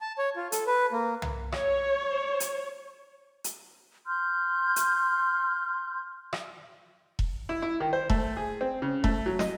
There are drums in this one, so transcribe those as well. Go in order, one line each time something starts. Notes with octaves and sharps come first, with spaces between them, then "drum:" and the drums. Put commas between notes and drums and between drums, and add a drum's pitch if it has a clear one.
A5
C#5
F4
A4, drum: hi-hat
B4
A#3
drum: tom
C#5, drum: rim click
drum: hi-hat
drum: hi-hat
C6 F6 G6
drum: hi-hat
drum: rim click
drum: kick E1
E4
E4
D#3
C5
A3, drum: kick E1
G#4
C4
C#3
A3, drum: kick E1
F#3
D#5, drum: snare